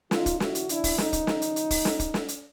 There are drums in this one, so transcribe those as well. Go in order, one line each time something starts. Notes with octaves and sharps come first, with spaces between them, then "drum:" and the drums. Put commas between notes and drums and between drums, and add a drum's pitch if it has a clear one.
D#2 C#3 F3 D#4 F4, drum: snare
drum: kick, hi-hat
E4 F#4, drum: snare
drum: hi-hat
D4 E4, drum: hi-hat
drum: kick, open hi-hat
D#4, drum: snare
drum: kick, hi-hat
drum: snare
drum: hi-hat
drum: hi-hat
drum: kick, open hi-hat
drum: snare
drum: kick, hi-hat
drum: snare
drum: hi-hat